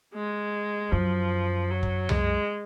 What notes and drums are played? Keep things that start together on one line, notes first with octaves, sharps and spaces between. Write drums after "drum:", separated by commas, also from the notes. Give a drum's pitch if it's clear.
G#3
F#2 F3
F#3
drum: kick
G#3, drum: tom C2